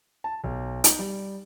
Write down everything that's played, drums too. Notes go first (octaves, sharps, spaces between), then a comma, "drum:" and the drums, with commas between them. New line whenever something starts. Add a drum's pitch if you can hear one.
A5
B1
D#4, drum: hi-hat
G3